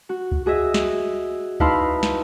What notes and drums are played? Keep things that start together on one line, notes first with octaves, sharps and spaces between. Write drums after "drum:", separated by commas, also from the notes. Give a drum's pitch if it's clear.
F#4
drum: kick C#2
F#4 G#4 D#5 E5
drum: snare
D#4 E4 B4 F5 A5 C6, drum: kick C#2
drum: snare